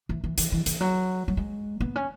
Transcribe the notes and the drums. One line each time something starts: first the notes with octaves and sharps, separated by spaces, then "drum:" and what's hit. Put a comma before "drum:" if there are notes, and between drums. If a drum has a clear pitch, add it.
E3
E3
E3, drum: hi-hat
E3
E3, drum: hi-hat
F#3
F#3
G#3
B3
C#4